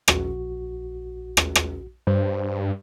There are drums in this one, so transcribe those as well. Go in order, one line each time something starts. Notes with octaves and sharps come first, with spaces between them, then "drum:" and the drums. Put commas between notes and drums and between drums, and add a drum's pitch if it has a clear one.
A#1 F#4, drum: rim click
drum: rim click
drum: rim click
G2 C5